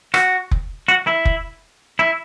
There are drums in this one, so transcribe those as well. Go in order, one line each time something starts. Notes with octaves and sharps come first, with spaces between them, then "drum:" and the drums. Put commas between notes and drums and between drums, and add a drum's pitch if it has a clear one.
F#4, drum: rim click
drum: kick F1
F#4
E4
drum: kick F1
E4